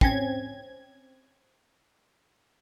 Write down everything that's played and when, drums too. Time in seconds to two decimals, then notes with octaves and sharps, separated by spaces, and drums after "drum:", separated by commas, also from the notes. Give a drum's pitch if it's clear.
0.01 C4 C#4 G#6, drum: kick